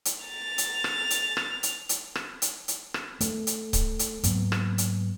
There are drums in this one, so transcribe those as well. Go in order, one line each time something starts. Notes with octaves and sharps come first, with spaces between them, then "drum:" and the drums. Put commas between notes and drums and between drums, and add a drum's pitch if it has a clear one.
drum: hi-hat
A6 F7
drum: hi-hat
drum: rim click
drum: hi-hat
drum: rim click
drum: hi-hat
drum: hi-hat
drum: rim click
drum: hi-hat
drum: hi-hat
drum: rim click
A3, drum: hi-hat
drum: hi-hat
drum: kick C#1, hi-hat
drum: hi-hat
G#2 F#3 A#3 B3, drum: hi-hat
drum: rim click
drum: hi-hat